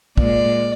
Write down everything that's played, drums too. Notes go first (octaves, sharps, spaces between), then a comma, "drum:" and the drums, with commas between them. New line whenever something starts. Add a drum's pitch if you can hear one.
A#2 G#3 D5, drum: kick